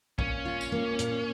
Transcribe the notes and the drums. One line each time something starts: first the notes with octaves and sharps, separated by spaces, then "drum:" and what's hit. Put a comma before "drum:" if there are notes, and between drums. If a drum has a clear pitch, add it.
A#2 C#4, drum: kick A#1
F4
drum: tambourine
A#3
A#2, drum: hi-hat